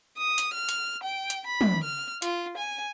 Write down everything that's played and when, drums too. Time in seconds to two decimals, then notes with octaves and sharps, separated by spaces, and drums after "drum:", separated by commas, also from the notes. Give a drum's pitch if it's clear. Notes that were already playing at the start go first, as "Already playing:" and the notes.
0.18 D#6
0.38 drum: hi-hat
0.54 F6
0.69 drum: hi-hat
1.04 G5
1.30 drum: hi-hat
1.47 B5
1.61 drum: tom
1.84 F6
2.22 F4, drum: hi-hat
2.57 G#5